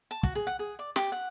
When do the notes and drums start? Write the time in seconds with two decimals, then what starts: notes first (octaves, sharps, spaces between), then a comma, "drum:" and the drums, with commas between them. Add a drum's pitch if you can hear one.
0.11 A5
0.23 F#4, drum: kick
0.35 G#4
0.47 F#5
0.59 G#4
0.79 D5
0.96 G4, drum: snare
1.12 F#5